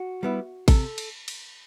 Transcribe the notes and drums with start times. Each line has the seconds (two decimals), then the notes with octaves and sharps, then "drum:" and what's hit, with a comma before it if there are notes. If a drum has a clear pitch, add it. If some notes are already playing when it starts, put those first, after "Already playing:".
Already playing: F#4
0.23 G3 B3 E4
0.68 C3 A4, drum: kick A1, cymbal
0.98 drum: cymbal
1.28 drum: cymbal